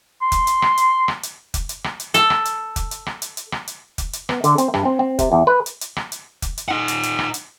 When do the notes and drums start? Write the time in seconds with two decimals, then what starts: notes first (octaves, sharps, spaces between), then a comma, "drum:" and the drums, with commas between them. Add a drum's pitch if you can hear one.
0.22 C6
0.32 drum: kick F1, hi-hat
0.47 drum: hi-hat
0.62 drum: rim click
0.77 drum: hi-hat
1.08 drum: rim click
1.23 drum: hi-hat
1.54 drum: kick F1, hi-hat
1.69 drum: hi-hat
1.84 drum: rim click
2.00 drum: hi-hat
2.14 A4, drum: hi-hat
2.30 drum: rim click
2.45 drum: hi-hat
2.76 drum: kick F1, hi-hat
2.91 drum: hi-hat
3.06 drum: rim click
3.22 drum: hi-hat
3.37 drum: hi-hat
3.52 drum: rim click
3.68 drum: hi-hat
3.98 drum: kick F1, hi-hat
4.13 drum: hi-hat
4.29 B3, drum: rim click
4.44 D3, drum: hi-hat
4.58 C4, drum: hi-hat
4.74 G2, drum: rim click
4.85 C4
4.99 C4
5.19 C3, drum: kick F1, hi-hat
5.32 E2
5.47 B4
5.66 drum: hi-hat
5.81 drum: hi-hat
5.96 drum: rim click
6.12 drum: hi-hat
6.42 drum: kick F1, hi-hat
6.58 drum: hi-hat
6.68 D#4 F#5
6.88 drum: hi-hat
7.03 drum: hi-hat
7.19 drum: rim click
7.34 drum: hi-hat